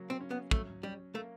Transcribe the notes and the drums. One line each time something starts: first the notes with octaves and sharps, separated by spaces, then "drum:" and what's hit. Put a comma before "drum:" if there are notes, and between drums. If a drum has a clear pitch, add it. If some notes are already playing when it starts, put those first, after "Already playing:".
Already playing: C#3 F#3 A#3
C4
C#4
B3
F#3 A3, drum: kick
G3 C#4
A3 A#3